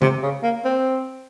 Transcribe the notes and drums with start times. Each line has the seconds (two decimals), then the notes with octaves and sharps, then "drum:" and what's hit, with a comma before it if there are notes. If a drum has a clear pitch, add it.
0.02 C3, drum: tom C#3
0.23 C#3
0.43 A#3
0.65 C4